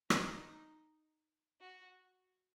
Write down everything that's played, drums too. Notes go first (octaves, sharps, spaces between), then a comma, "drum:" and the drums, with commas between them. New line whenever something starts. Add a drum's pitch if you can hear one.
D#4, drum: rim click
F#4